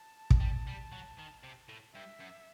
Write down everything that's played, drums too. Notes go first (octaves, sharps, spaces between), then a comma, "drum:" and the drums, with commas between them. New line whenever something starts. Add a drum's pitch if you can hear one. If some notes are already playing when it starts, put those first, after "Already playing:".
Already playing: A5
drum: kick
G3
G3
F#3
D#3
C3
A2
G2 E5
F#2